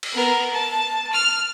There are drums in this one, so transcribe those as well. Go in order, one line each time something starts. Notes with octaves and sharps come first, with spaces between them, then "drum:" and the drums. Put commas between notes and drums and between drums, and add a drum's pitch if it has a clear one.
drum: cymbal
B3 A#4
A5
F6